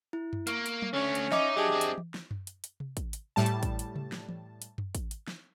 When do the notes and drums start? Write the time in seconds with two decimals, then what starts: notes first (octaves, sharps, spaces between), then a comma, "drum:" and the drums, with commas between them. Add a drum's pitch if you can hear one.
0.13 E4
0.33 drum: tom F#2
0.47 A#3 C#6 F6, drum: hi-hat
0.66 drum: hi-hat
0.82 drum: tom F#3
0.94 D3 A3 C#4
1.15 drum: hi-hat
1.32 D#4 D#5 E5 D6, drum: snare
1.57 F#3 D4 G4 G#4
1.72 F3 C4
1.81 drum: hi-hat
1.98 drum: tom E3
2.14 drum: snare
2.31 drum: tom F#2
2.47 drum: hi-hat
2.64 drum: hi-hat
2.80 drum: tom C3
2.97 drum: kick, hi-hat
3.13 drum: hi-hat
3.36 A2 G3 A5
3.46 drum: hi-hat
3.63 drum: kick, hi-hat
3.79 drum: hi-hat
3.96 drum: tom C3
4.12 drum: snare
4.29 drum: tom E3
4.62 drum: hi-hat
4.78 drum: tom F#2
4.95 drum: kick, hi-hat
5.11 drum: hi-hat
5.28 drum: snare